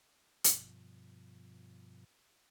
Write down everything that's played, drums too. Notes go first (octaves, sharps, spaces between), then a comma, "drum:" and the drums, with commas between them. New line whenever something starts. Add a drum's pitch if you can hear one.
G2 B2 F3, drum: hi-hat